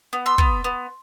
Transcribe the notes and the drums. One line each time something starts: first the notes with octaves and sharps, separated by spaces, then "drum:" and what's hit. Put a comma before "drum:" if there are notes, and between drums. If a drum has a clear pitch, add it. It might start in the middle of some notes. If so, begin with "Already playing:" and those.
B3
C6 E6
B3, drum: kick
B3